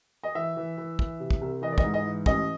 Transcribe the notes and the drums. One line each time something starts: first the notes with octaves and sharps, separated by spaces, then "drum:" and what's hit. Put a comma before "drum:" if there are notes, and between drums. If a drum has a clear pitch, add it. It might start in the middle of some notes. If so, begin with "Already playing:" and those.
D#5
E3 E5
E3
E3
E3, drum: kick
C3
drum: kick
C2
E3 D#5
D5
D#5, drum: kick
G#2
D#5
E3
A1 D#5, drum: kick